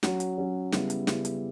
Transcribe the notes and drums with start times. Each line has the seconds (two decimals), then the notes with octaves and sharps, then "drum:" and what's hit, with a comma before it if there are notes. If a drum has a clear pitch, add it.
0.03 F#3 C#4 F#4, drum: snare
0.20 drum: hi-hat
0.38 F#3 C#4 F#4
0.72 C#3 G3 B3 E4, drum: snare
0.90 drum: hi-hat
1.07 C#3 G3 B3 E4, drum: snare
1.25 drum: hi-hat